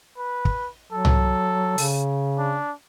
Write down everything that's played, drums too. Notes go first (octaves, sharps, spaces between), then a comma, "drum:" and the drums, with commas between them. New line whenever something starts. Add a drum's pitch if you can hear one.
B4
drum: kick
F#3 A4
drum: tom C2
C#3, drum: open hi-hat
D4